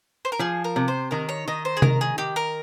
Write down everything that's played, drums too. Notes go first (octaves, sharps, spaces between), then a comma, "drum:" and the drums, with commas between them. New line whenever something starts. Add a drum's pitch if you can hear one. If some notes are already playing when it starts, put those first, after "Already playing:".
C5
A#4
F3 G#4
A#4
C3
C5
D#3 A#4
C#5
D#3 D#5
C5
G#4
D#3 A#4, drum: tom C3
G#4
D#3 G4
A#4